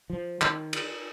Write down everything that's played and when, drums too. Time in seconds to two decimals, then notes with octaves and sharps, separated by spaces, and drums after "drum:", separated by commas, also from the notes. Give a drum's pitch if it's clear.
0.10 F3
0.41 D#3, drum: clap
0.73 drum: cymbal